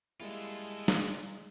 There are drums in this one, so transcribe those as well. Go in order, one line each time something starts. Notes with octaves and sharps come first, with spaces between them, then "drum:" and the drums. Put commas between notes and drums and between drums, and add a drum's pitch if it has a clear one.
G3 G#3 A#3 E4 F4 A4
drum: snare